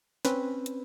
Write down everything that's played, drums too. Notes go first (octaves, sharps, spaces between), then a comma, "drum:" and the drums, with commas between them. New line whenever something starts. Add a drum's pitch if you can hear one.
C4 C#4 B4, drum: snare
drum: hi-hat